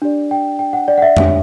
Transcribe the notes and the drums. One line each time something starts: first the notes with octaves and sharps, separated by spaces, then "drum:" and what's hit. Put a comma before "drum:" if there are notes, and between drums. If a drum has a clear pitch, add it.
D4 G4 D5
G5
G5
F#5
D5
F#5
E5
D4 G4 C#5, drum: tom F2